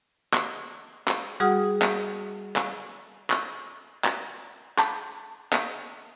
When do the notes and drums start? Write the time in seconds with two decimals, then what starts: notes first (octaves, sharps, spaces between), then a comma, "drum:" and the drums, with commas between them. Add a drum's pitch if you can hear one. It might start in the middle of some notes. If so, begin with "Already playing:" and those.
0.33 drum: clap
1.08 drum: clap
1.40 G3 F#4 G#4 F#5 D#6 F6
1.82 drum: clap
2.56 drum: clap
3.30 drum: clap
4.04 drum: clap
4.78 A5 B5 C#6 D6 G6, drum: clap
5.53 drum: clap